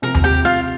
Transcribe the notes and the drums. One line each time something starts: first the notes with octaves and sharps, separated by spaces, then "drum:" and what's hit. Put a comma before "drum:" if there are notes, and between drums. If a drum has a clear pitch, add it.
C3 F3 C4 A#4 A#5
drum: tom D#2
G4 G5
F4 F5